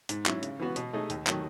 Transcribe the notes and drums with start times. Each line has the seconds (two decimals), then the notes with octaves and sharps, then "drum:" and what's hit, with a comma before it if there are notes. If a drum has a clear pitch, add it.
0.09 G#2, drum: hi-hat
0.26 F#3 C#4 E4, drum: clap
0.43 C#3, drum: hi-hat
0.60 E3 B3 F#4
0.76 B2, drum: hi-hat
0.93 A3 D#4 G#4
1.10 D#2, drum: hi-hat
1.27 D#3 F#3 A3, drum: clap